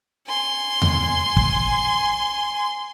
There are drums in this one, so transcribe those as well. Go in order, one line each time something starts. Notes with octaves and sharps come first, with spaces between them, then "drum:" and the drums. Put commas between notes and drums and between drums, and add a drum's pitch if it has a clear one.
G#5 C6
drum: tom E2
drum: kick